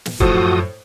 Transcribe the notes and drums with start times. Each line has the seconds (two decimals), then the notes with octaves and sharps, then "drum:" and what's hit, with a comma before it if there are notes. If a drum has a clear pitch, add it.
0.06 drum: snare
0.20 F#2 A2 F3 F#4 A4 C5 D#6, drum: kick